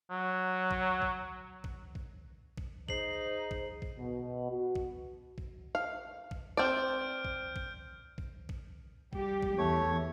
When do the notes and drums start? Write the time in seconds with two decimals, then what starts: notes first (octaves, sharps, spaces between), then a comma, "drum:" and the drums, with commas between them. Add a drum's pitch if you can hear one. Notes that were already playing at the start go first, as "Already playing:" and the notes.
0.10 F#3
0.71 drum: kick A#1
1.02 drum: kick A#1
1.64 drum: kick A#1
1.95 drum: kick A#1
2.57 drum: kick A#1
2.89 D#4 G#4 C5 C7 F#7, drum: kick A#1
3.51 drum: kick A#1
3.82 drum: kick A#1
3.97 B2
4.50 F#4
4.75 drum: kick A#1
5.38 drum: kick A#1
5.75 F5
6.31 drum: kick A#1
6.57 C4 D5 F6 G6 D7
7.25 drum: kick A#1
7.56 drum: kick A#1
8.18 drum: kick A#1
8.49 drum: kick A#1
9.13 G3 G4, drum: kick A#1
9.43 drum: kick A#1
9.58 E2 A3 C#5